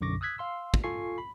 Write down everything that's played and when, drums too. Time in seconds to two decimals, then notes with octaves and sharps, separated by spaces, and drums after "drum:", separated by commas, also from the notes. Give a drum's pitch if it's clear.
0.01 B1 F#2 D3 C#6 D6 A#6
0.21 D#6 E6 F#6 G#6 B6
0.38 F5 C6 E6
0.74 drum: kick
0.84 F4 A4 G#5 C#6 C7
1.18 B5